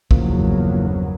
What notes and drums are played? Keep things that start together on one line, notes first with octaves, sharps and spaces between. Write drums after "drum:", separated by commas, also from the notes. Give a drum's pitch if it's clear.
G1 E2 C#3 F3 F#3 A#3, drum: kick